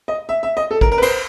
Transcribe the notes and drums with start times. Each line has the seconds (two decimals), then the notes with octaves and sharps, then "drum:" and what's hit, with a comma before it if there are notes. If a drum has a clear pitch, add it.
0.08 D#5
0.29 E5
0.43 E5
0.57 D#5
0.71 A4
0.81 A#4, drum: kick
0.92 A#4
0.98 B4
1.02 C5, drum: cymbal